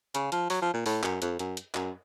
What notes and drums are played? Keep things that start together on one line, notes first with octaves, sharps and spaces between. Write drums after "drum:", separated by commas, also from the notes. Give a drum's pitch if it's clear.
C#3, drum: hi-hat
F3, drum: hi-hat
F#3, drum: open hi-hat
F3
A#2
A2, drum: open hi-hat
F#2, drum: clap
F2, drum: hi-hat
F#2, drum: hi-hat
drum: hi-hat
F#2, drum: clap